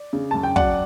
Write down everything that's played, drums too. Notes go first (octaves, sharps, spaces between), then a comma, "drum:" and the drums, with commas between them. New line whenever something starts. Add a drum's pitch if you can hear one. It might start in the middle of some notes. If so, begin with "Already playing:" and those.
Already playing: D5
C#3
F#2 A5
G5
F#3 D5 F#5, drum: kick